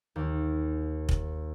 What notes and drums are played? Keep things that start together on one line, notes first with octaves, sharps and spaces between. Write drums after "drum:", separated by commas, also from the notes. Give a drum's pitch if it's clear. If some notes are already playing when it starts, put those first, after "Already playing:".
D#2
drum: kick